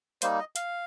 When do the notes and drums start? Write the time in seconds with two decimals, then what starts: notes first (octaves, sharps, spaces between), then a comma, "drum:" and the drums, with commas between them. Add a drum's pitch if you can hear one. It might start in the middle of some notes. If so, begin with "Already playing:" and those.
0.22 G3 A#3 D#4 C5, drum: hi-hat
0.39 D#5
0.56 F5, drum: hi-hat